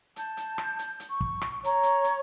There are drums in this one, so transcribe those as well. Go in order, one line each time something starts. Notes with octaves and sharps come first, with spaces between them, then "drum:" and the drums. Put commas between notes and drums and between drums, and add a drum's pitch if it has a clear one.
A5 G6, drum: hi-hat
drum: hi-hat
drum: rim click
drum: hi-hat
drum: hi-hat
C#6
drum: kick
drum: rim click
C#5 A#5 C#6, drum: hi-hat
drum: hi-hat
drum: hi-hat